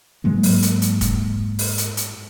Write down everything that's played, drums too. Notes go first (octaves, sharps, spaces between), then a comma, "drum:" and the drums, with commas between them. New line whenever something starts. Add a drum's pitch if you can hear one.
G#2 F#3 G#3 A#3
drum: open hi-hat
drum: hi-hat
drum: hi-hat
drum: kick, hi-hat
drum: open hi-hat
drum: hi-hat
drum: hi-hat